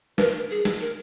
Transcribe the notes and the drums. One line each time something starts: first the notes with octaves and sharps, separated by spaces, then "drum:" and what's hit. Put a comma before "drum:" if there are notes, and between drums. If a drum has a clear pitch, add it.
A#4 B4, drum: snare
G#4
drum: snare
A#4